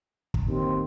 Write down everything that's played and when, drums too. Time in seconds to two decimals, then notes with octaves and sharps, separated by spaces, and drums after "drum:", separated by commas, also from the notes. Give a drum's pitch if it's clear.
0.34 drum: kick
0.48 D#2 C4